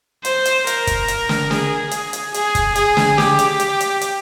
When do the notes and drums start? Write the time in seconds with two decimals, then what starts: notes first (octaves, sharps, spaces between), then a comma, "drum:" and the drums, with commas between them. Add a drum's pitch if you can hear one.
0.25 C5, drum: hi-hat
0.45 drum: hi-hat
0.67 A#4, drum: hi-hat
0.87 drum: kick, hi-hat
1.08 drum: hi-hat
1.29 drum: snare
1.51 G#4, drum: snare
1.91 G#4, drum: hi-hat
2.13 drum: hi-hat
2.34 G#4, drum: hi-hat
2.55 drum: kick, hi-hat
2.75 G#4, drum: hi-hat
2.97 drum: snare
3.18 G4, drum: snare
3.39 drum: hi-hat
3.60 drum: hi-hat
3.80 drum: hi-hat
4.01 drum: hi-hat